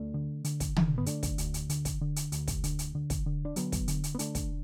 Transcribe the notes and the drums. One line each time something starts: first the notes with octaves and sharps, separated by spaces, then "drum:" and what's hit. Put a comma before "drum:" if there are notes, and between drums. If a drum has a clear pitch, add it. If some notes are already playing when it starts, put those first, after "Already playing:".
Already playing: D2 A3 D4
D3
D3, drum: hi-hat
drum: kick, hi-hat
D3, drum: tom
B3
D3 A3 D4, drum: hi-hat
drum: kick, hi-hat
D2, drum: hi-hat
drum: hi-hat
D3, drum: hi-hat
drum: kick, hi-hat
D3
drum: hi-hat
D2, drum: hi-hat
drum: kick, hi-hat
D3, drum: hi-hat
drum: hi-hat
D3
drum: kick, hi-hat
D3
D4
D3 F#3 B3, drum: hi-hat
drum: kick, hi-hat
D3, drum: hi-hat
drum: hi-hat
B3
D3 A3 D4, drum: hi-hat
drum: kick, hi-hat